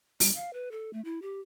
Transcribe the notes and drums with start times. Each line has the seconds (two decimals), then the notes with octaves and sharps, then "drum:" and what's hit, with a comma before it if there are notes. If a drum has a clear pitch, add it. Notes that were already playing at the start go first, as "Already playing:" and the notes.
0.20 G3, drum: open hi-hat
0.35 F5
0.53 B4
0.71 A4
0.93 A3
1.05 E4
1.22 G4